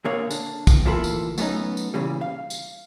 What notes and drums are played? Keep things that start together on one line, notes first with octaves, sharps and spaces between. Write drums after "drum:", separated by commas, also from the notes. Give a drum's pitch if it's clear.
A#2 D3 A#3 G#4 C#5 F5
D4, drum: tambourine
drum: kick, tambourine
D2 E3 A#3 F4 A4 B5
drum: tambourine
F#3 A3 B3 C#4 D#4, drum: tambourine
drum: tambourine
A#2 C#3 E3 G3
F5
drum: tambourine